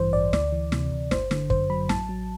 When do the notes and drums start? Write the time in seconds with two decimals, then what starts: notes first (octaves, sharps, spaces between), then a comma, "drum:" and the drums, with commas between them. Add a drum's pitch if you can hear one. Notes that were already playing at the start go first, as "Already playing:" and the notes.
Already playing: A1 G2 E3 C5
0.13 A1 D5
0.33 D2 D5, drum: snare
0.52 E3
0.72 C3, drum: snare
0.92 D2
1.11 G1 C5, drum: snare
1.31 D3, drum: snare
1.50 F#2 C5, drum: kick
1.70 F#3 B5
1.89 A1 A5, drum: snare
2.09 F#3